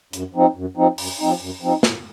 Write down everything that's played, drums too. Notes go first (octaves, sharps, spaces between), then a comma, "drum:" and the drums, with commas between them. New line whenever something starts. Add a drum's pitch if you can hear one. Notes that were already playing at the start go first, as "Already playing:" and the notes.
F#2, drum: hi-hat
F3 C4 D#4
F#2
F3 C4 D#4
F#2, drum: open hi-hat
F3 C4 D#4
F#2
F3 C4 D#4
A2, drum: snare